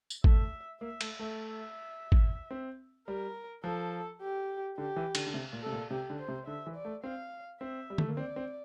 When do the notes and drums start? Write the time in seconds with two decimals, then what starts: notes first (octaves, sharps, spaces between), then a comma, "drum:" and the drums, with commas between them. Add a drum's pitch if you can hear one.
0.10 drum: tambourine
0.24 A3 E5, drum: kick G#1
0.81 A#3 E5
1.01 A3, drum: cymbal
1.19 A3
1.38 E5
2.12 drum: kick G#1
2.51 C4
3.08 G3 A#4
3.64 F3 A4
4.21 G4
4.78 D3 G4
4.96 E3
5.15 D3, drum: cymbal
5.27 D3
5.34 C3
5.53 A#2
5.62 C3 A4
5.72 A#2
5.91 C3 G4
6.10 D3
6.19 C5
6.28 C3
6.47 D3 E5
6.66 E3
6.76 D5
6.85 A3
7.03 C4 F5
7.61 C4 E5
7.90 G3
7.98 A3, drum: tom D3
8.09 A#3
8.17 C4 D5
8.36 C4